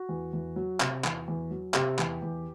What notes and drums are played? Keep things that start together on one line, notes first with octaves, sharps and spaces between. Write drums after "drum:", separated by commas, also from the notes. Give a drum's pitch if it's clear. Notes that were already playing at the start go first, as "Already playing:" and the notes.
Already playing: F#4
E2
E2
F#3
C3, drum: clap
E2, drum: clap
E2
F#3
C3 G4, drum: clap
E2, drum: clap
E2